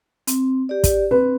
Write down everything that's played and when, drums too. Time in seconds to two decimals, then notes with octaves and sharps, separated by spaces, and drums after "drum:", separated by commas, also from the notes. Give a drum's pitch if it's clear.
0.27 C4, drum: hi-hat
0.69 G4 D5
0.84 drum: kick, hi-hat
1.11 C4 B4